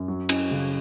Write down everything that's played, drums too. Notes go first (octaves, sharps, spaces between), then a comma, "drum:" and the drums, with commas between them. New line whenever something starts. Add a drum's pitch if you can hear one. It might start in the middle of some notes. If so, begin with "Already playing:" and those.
Already playing: F#2
F#3
C#4, drum: cymbal
C#3